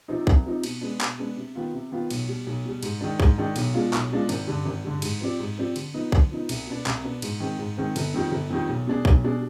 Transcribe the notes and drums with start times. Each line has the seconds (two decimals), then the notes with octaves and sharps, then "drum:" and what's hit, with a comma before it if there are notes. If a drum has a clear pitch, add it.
0.08 C3 F3 C4 D#4
0.27 C2, drum: kick B1
0.46 C3 F3 C4 D#4
0.64 B2, drum: cymbal
0.81 G#3 B3 D4
1.01 B2, drum: clap
1.18 G#3 B3 D4
1.37 C3
1.56 D#3 B3 F4
1.73 C3
1.92 D#3 B3 F4
2.10 B1, drum: cymbal
2.28 B2 G3
2.47 B1
2.65 B2 G3
2.83 G#2, drum: cymbal
3.01 D#3 G#3 D4
3.20 G#2, drum: kick B1
3.38 D#3 G#3 D4
3.56 B1, drum: cymbal
3.74 B2 G#3 D4 F4
3.93 B1, drum: clap
4.12 B2 G#3 D4 F4
4.29 G#1, drum: cymbal
4.47 G2 D3
4.65 G#1
4.84 G2 D3
5.02 G#2, drum: cymbal
5.21 F3 C4 G4 D5
5.40 G#2
5.58 F3 C4 G4 D5
5.76 D3, drum: cymbal
5.94 F3 B3 D#4
6.12 D3, drum: kick B1
6.31 F3 B3 D#4
6.49 C2, drum: cymbal
6.67 B2 B3 D4
6.86 C2, drum: clap
7.03 B2 B3 D4
7.22 G#2, drum: cymbal
7.40 D#3 G#3 C4
7.59 G#2
7.77 D#3 G#3 C4
7.96 G1, drum: cymbal
8.14 F2 D#3 G3
8.32 G1
8.50 F2 D#3 G3
8.69 B1
8.87 B2 G3 D4 G#4
9.05 B1, drum: kick B1
9.24 B2 G3 D4 G#4